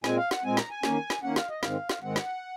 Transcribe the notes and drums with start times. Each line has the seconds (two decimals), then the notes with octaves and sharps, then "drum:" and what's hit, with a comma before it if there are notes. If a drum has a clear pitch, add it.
0.04 A#2 G#3 C4 G#5, drum: snare
0.18 F5
0.31 F#5, drum: snare
0.44 A#2 G#3 C4 G#5
0.57 A#5, drum: snare
0.71 G#5
0.83 D#3 A#3 C#4, drum: snare
1.10 drum: snare
1.23 D#3 A#3 C#4 F#5
1.36 F5, drum: snare
1.50 D#5
1.63 G#2 D#3 G#3 C4 F5, drum: snare
1.89 drum: snare
2.02 G#2 D#3 G#3 C4 F#5
2.16 drum: snare